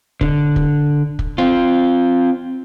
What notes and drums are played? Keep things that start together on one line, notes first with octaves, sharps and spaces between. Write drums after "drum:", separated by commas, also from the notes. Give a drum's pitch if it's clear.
D3, drum: kick
drum: kick
drum: kick
C4 F4